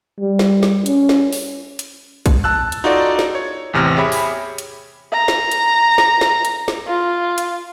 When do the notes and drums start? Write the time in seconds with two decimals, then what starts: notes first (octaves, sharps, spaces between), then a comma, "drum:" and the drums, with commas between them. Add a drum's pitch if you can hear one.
0.19 G3
0.39 drum: snare
0.63 drum: snare
0.86 C#4, drum: hi-hat
1.09 drum: snare
1.32 drum: open hi-hat
1.79 drum: hi-hat
2.26 drum: kick, hi-hat
2.44 A5 E6 F#6
2.72 drum: hi-hat
2.84 D#4 F4 F#4 A4 D5
3.19 drum: snare
3.35 C#5
3.73 A1 E2 C3 F6 A#6
3.96 G4 G#4 C#5 E5 B5
4.12 drum: open hi-hat
4.58 drum: hi-hat
5.13 A#5
5.28 drum: snare
5.52 drum: hi-hat
5.98 drum: snare
6.21 drum: snare
6.45 drum: hi-hat
6.68 drum: snare
6.87 F4
7.38 drum: hi-hat